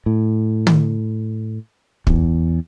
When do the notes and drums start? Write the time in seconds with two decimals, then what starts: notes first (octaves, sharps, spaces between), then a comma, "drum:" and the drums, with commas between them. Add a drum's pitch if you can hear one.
0.06 A2
0.67 drum: tom
2.07 E2, drum: kick